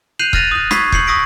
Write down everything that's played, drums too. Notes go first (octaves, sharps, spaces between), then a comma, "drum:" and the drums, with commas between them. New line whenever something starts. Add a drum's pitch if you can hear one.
F#6 G6 C7 D#7 F7 F#7
F6 F#6 A6 A#6 D#7 F7, drum: kick
D#6 F#6
B5 C#6 E6 G#6 B6 C7, drum: snare
G6 C7 C#7 F#7, drum: kick
C#6 D#6 E6 A#6 B6 D7